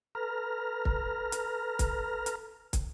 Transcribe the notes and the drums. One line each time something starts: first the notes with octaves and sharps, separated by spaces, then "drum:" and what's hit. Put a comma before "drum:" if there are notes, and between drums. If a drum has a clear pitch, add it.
A4 B4 A#5 F6
drum: kick
drum: hi-hat
drum: kick, hi-hat
drum: hi-hat
drum: kick, hi-hat